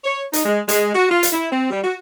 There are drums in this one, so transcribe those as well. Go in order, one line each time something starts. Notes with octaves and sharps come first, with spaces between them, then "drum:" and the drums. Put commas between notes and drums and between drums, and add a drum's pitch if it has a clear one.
C#5
D#4, drum: hi-hat
G#3
G#3, drum: hi-hat
F#4
F4
drum: hi-hat
E4
C4
G3
F#4